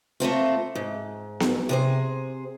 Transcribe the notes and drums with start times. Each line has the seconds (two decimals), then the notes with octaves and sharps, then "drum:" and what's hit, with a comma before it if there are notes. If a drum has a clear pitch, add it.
0.20 A3 A#3 C4 F4
0.75 G#2
1.40 drum: snare B3
1.69 C3 G#4 C5